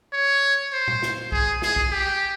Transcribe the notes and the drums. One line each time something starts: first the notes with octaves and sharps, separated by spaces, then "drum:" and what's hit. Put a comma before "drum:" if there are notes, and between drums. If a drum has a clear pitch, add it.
C#5
C5
drum: tom A#2
drum: snare
G#4, drum: kick B1
G#4, drum: snare
drum: kick B1
G4